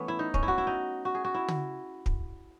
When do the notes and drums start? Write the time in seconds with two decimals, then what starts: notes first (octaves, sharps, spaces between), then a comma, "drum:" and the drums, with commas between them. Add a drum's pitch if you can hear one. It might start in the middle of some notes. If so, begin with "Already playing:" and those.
Already playing: E3 A3 B3 C#4
0.08 E4
0.19 D#4
0.34 C#4, drum: kick
0.43 E4
0.48 F#4
0.58 E4
0.67 D#4
1.05 F#4
1.15 G#4
1.25 F#4
1.35 E4
1.48 drum: tom
2.06 drum: kick